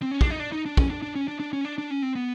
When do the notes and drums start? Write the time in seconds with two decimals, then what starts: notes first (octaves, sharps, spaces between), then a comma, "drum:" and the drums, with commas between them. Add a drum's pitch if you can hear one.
0.02 C4
0.11 C#4
0.21 D4, drum: kick
0.30 D#4
0.40 D4
0.52 D#4
0.66 D4
0.77 C#4, drum: kick
0.90 D4
1.02 D4
1.15 C#4
1.28 D4
1.40 D4
1.53 C#4
1.65 D4
1.78 D4
1.90 C#4
2.02 C4
2.15 B3